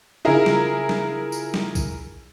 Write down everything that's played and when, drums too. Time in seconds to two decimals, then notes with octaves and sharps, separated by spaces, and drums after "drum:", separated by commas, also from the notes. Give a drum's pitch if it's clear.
0.25 C#3 E4 F4 G#4 A#4
0.46 drum: snare
0.89 drum: snare
1.32 drum: tambourine
1.54 drum: snare
1.75 drum: kick B1, tambourine